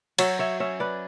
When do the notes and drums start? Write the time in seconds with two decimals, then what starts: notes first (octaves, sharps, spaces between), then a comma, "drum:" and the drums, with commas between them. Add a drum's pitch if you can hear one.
0.18 F#3 C#5 E5, drum: cymbal
0.39 C#5 E5
0.60 C#4 C#5 E5
0.80 B4 D5